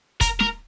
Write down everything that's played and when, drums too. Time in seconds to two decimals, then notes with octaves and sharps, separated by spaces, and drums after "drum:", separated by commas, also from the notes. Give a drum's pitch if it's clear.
0.21 A#4, drum: kick, hi-hat
0.40 A#4, drum: snare